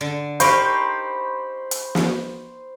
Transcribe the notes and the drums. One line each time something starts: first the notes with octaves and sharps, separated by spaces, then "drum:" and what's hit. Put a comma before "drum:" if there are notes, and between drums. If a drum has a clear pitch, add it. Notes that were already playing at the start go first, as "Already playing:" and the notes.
D3
D#4 G4 A#4 C5 B5 C#6, drum: hi-hat
drum: hi-hat
drum: snare